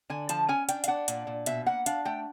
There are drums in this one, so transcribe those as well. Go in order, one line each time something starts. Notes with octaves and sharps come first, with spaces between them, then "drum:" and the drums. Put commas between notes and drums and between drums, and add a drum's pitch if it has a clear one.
D3 G#5
F3 A5, drum: hi-hat
C#4 G#5
D4 G5, drum: hi-hat
F5, drum: hi-hat
D4 F#5
A#2, drum: hi-hat
A#2
B2 E5, drum: hi-hat
A#3 F#5
D4 F5, drum: hi-hat
A3 G5